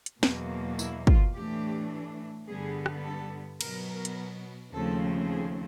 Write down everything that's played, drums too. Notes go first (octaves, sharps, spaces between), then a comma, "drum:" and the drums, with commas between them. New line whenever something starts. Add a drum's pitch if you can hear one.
drum: hi-hat
E2 B2 F#3 A#3, drum: snare
E4, drum: tambourine
F4, drum: kick
A2 E3 A3 D4 G4
G2 D3 G3 B3 G#4
drum: rim click
A4
B2 F#3 B3 A#4, drum: cymbal
A#4
drum: hi-hat
D#2 C#3 F3 A3 C4 A4
G#4